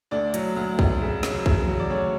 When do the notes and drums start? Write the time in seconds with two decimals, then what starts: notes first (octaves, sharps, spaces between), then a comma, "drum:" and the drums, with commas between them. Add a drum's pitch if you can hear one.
0.11 D2 D4 D5
0.34 F#3, drum: hi-hat
0.56 D2
0.79 D2, drum: kick
1.01 C#3
1.23 F#3, drum: snare
1.46 C#3, drum: kick
1.68 F#3, drum: tom D#3
1.79 D5
1.90 D2 C#4 C#5